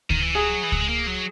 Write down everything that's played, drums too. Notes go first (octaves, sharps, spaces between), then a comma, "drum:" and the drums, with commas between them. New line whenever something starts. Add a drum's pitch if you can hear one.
D#3, drum: kick C#2
E3
F#3 G#4
E3
F#3, drum: kick C#2
G#3
A#3
F#3